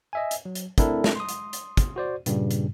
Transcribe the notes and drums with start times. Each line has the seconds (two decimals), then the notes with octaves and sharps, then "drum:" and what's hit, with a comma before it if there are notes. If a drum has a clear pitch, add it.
0.13 D#5 E5 G#5
0.31 drum: hi-hat
0.45 F#3
0.55 drum: hi-hat
0.78 A3 C4 D4 E4 A4 A#4, drum: kick, hi-hat
1.04 drum: snare
1.16 C6 D#6
1.29 drum: hi-hat
1.53 drum: hi-hat
1.77 drum: kick, hi-hat
1.96 F#4 C5 D5
2.26 G2 A#2 C#3 G3, drum: hi-hat
2.51 drum: hi-hat